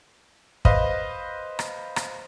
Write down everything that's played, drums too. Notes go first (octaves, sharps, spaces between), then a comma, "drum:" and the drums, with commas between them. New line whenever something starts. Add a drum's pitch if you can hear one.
B4 C5 D#5 F5, drum: kick
drum: rim click
drum: rim click